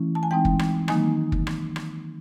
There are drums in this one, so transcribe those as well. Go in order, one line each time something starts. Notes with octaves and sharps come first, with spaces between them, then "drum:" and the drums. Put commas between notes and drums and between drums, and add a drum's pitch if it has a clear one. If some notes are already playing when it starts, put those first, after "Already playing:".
Already playing: E3 A3 C#4 E4
A5
G#5
E3 G#3 C4 D#4 G5
drum: kick
drum: rim click
D#3 F#3 A#3 D#4 G#5, drum: rim click
drum: kick
drum: rim click
drum: rim click